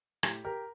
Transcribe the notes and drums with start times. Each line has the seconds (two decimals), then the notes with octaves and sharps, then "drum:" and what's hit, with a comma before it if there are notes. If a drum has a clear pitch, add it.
0.23 A2 G4, drum: rim click
0.44 G4 A#4